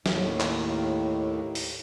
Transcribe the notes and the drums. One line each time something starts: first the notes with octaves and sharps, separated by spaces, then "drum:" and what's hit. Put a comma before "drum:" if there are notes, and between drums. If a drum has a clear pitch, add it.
D#2 A2, drum: snare
drum: clap
drum: open hi-hat